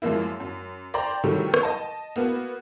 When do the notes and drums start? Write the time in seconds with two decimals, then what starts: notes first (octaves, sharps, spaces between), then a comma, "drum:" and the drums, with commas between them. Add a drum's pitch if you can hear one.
0.02 F#2 F3 G#3 A#3 E4
0.40 F#2
0.94 C5 D5 G5 A#5 C6, drum: open hi-hat
1.23 A2 C3 D#3 F#3 G3 A3
1.54 drum: rim click
1.63 D#5 A5
2.16 A#3 B3 F#4, drum: hi-hat